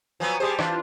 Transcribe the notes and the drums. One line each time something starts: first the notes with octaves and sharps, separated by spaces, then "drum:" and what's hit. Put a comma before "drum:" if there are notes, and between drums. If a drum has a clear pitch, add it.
F3 F#3 B3 G#5
G3 G4 G#4 C5 A5
E3 D4 F4, drum: rim click